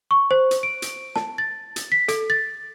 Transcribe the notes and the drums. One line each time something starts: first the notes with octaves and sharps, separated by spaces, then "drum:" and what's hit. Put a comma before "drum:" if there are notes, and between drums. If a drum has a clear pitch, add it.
C#6
C5
drum: hi-hat
D7
drum: hi-hat
A5, drum: snare
A6
drum: hi-hat
B6
A4, drum: hi-hat
A6